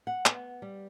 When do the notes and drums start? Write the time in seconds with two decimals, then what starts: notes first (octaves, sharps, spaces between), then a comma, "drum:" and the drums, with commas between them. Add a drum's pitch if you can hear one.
0.07 F#5
0.26 B3, drum: clap
0.62 G3